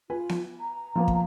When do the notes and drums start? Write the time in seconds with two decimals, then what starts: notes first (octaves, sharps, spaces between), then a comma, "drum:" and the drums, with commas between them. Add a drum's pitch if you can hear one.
0.10 F4 B4 G#5
0.29 drum: snare B3
0.60 A#5
0.96 F3 A#3 B3
1.08 drum: kick